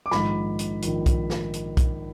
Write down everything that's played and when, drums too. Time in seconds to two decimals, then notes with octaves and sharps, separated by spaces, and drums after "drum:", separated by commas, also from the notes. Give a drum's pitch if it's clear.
0.06 D6
0.11 A#1 G#2 D#3 B5, drum: snare
0.59 drum: hi-hat
0.82 A#1 G#2 D#3, drum: hi-hat
1.06 drum: kick B1, hi-hat
1.30 drum: snare
1.53 drum: hi-hat
1.77 drum: kick B1, hi-hat